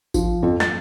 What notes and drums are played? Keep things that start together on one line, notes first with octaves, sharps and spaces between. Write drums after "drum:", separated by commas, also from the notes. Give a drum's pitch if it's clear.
F3, drum: kick G#1, tambourine
F2
A6, drum: snare